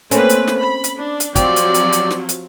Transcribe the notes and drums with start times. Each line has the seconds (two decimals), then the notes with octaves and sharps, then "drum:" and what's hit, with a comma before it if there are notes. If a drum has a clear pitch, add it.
0.11 A3 A#3 C4 C#4 B4, drum: hi-hat
0.29 drum: hi-hat
0.47 drum: snare
0.60 B5
0.84 drum: hi-hat
0.98 D4
1.20 drum: hi-hat
1.35 F3 F#3 C4 G4 D5, drum: kick, hi-hat
1.56 drum: hi-hat
1.74 drum: hi-hat
1.92 drum: hi-hat
2.11 drum: snare
2.29 drum: hi-hat